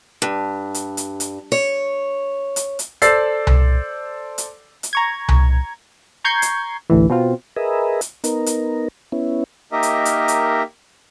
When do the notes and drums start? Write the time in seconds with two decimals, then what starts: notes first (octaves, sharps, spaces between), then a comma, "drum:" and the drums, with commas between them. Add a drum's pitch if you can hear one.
0.22 G2
0.74 drum: hi-hat
0.97 drum: hi-hat
1.20 drum: hi-hat
1.52 C#5
2.56 drum: hi-hat
2.79 drum: hi-hat
3.02 A4 C5 D5 E6 A6 C7, drum: hi-hat
3.47 drum: tom C2
4.38 drum: hi-hat
4.83 drum: hi-hat
4.93 A#5 C#6 G#6
5.29 drum: tom C2
6.24 A#5 C#6 G6 G#6 C7
6.42 drum: hi-hat
6.90 A1 D2 A2 E3
7.10 B2 C4 F4
7.56 G#4 A#4 B4 D#5 E5
8.01 drum: hi-hat
8.24 B3 D#4 A#4, drum: hi-hat
8.46 drum: hi-hat
9.12 B3 C#4 E4
9.72 A#3 D#4 G4 A#4 D#5 E5
9.83 drum: hi-hat
10.05 drum: hi-hat
10.28 drum: hi-hat